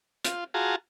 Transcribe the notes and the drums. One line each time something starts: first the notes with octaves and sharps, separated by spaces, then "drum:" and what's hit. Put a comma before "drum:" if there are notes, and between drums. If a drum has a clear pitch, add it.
F4, drum: hi-hat
F4 F#4 G#4 A5 A#5